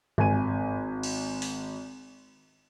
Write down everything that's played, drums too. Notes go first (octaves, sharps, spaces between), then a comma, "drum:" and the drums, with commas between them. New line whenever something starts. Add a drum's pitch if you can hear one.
G#1 G#5 D#7, drum: tom G2
drum: cymbal
drum: open hi-hat